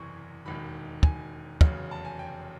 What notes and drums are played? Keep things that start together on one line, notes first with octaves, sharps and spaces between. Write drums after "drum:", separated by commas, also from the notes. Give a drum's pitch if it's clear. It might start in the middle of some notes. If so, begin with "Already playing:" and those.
Already playing: F#1 E2 C3 E3 C#6
E1 D#2 D#3 B5
G#5, drum: kick
F1 E2 C#3 F#3, drum: kick
A5
G#5
G5